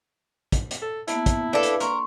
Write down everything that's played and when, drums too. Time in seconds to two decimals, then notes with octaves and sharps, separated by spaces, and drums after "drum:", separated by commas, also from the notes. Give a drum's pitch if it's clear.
0.52 drum: kick, hi-hat
0.71 drum: hi-hat
0.82 A4
1.08 A#3 B3 E4 A5, drum: hi-hat
1.26 drum: kick, hi-hat
1.53 D4 A4 B4 F5
1.63 drum: hi-hat
1.80 A#3 A#4 C6 C#6, drum: hi-hat